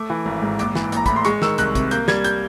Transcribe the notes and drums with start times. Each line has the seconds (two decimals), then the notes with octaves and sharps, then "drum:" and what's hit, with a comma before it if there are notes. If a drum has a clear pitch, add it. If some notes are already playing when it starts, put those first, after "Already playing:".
Already playing: A3 D6
0.10 E3
0.25 G#1
0.42 G#2
0.59 A#1 D6, drum: hi-hat
0.75 E3, drum: snare
0.92 A#1 A#5, drum: hi-hat
1.06 A2 B5, drum: kick, hi-hat
1.16 C6
1.25 G#3 C#6, drum: hi-hat
1.42 D#3 E6, drum: snare
1.58 C2 F#6, drum: hi-hat
1.75 C3, drum: kick, hi-hat
1.91 A#3 G6, drum: hi-hat
2.08 G3 G#6, drum: snare
2.24 G6, drum: hi-hat